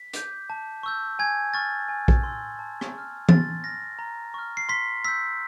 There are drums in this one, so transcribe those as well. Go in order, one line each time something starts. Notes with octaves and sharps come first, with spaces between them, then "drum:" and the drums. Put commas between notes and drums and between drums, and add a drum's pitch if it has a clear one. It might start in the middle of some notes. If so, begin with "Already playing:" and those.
Already playing: B6
D6 G6, drum: hi-hat
A5
C#6 E6 G6
G#5 G#6
C#6 F6 A6
G#5
drum: kick A#1
C6 E6
A5
drum: rim click
C#6 F6
C6 A6, drum: tom E3
F6 A#6
A#5
C#6 F6
C7
C6 B6
E6 G6 B6